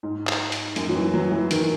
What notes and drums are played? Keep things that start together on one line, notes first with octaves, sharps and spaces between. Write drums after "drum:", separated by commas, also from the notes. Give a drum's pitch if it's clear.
G#2
drum: clap
drum: hi-hat
F#2, drum: hi-hat
F#3
E3
F#3
E3
D#3, drum: hi-hat